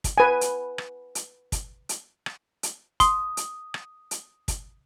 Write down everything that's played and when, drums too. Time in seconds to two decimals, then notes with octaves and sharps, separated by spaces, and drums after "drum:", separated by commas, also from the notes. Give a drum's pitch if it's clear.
0.04 drum: kick, hi-hat
0.18 B4 G#5
0.41 drum: hi-hat
0.78 drum: rim click
1.15 drum: hi-hat
1.52 drum: kick, hi-hat
1.89 drum: hi-hat
2.26 drum: rim click
2.63 drum: hi-hat
3.00 C6 D#6, drum: kick, hi-hat
3.37 drum: hi-hat
3.74 drum: rim click
4.11 drum: hi-hat
4.48 drum: kick, hi-hat